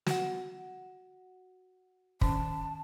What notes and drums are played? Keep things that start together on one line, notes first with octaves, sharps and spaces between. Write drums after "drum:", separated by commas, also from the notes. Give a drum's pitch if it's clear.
F#4 F#5, drum: snare
D#3 C#4 A5, drum: kick